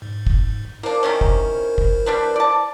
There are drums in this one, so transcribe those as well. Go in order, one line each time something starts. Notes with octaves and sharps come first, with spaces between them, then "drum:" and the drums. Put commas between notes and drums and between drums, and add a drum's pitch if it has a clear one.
G#2
drum: kick
A#3 D4 E4 A#4 C5
C3 D#3 C#4
drum: kick
drum: kick
G3 D4 B4
D5 A5